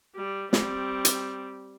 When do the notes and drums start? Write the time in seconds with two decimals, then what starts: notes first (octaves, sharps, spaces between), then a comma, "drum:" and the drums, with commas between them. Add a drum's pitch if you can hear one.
0.15 G3
0.53 G3 C4, drum: snare
1.05 drum: hi-hat